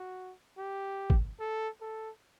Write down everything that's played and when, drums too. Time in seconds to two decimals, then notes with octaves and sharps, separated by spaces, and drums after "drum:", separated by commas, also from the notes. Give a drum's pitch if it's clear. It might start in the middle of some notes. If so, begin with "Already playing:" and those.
Already playing: F#4
0.58 G4
1.10 drum: kick
1.40 A4
1.81 A4